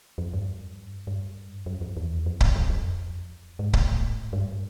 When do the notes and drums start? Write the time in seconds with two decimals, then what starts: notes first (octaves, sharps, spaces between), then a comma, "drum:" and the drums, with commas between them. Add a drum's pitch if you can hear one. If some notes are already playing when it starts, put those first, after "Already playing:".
0.18 F2
0.33 G2
1.07 G2
1.66 F#2
1.81 F2
1.97 E2
2.26 F2
2.41 drum: kick C#1
2.55 F#2
2.70 F2
3.59 G#2
3.73 A2, drum: kick C#1
4.33 G2